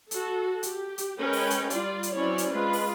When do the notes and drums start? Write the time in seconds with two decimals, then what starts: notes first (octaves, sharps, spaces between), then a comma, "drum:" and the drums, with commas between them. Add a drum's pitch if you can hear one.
0.11 F#4 A4, drum: hi-hat
0.63 G4, drum: hi-hat
0.98 drum: hi-hat
1.19 G#3 C#4 A#4 B4 G5
1.33 drum: open hi-hat
1.50 drum: hi-hat
1.70 G3 F4 D5, drum: hi-hat
2.03 drum: hi-hat
2.15 F#3 C4 C#4 E4 C#5 D5
2.38 drum: hi-hat
2.51 G#3 F4 B4
2.73 drum: open hi-hat